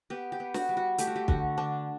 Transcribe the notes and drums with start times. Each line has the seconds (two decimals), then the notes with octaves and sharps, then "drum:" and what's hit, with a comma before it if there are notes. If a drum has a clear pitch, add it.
0.10 B3 G4
0.32 G4
0.40 B3
0.54 F#4, drum: snare
0.69 G3
0.77 F#4
0.98 A3 G4, drum: hi-hat
1.07 F#4
1.16 G4
1.28 D3 F#4, drum: kick
1.58 D3 D4